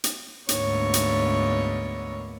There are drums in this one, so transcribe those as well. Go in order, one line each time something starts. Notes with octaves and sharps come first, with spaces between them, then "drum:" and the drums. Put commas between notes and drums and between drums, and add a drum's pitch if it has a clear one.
drum: hi-hat
D2 G#2 A#3 B3 C#5, drum: hi-hat
drum: hi-hat